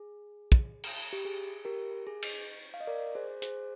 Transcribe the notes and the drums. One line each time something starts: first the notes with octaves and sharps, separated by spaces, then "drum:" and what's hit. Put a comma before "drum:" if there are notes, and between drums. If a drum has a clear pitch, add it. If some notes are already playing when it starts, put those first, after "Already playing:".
Already playing: G#4
drum: kick
drum: cymbal
G4
G#4
G4 A#4
G#4
drum: cymbal
F5
D#5
A#4 D5
G#4 C5
G#4 C5, drum: hi-hat